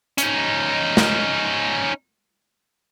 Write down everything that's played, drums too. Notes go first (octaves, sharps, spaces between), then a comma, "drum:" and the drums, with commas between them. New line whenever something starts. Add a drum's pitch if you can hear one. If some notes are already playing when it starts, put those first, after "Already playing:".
C#4 D#4, drum: hi-hat
drum: snare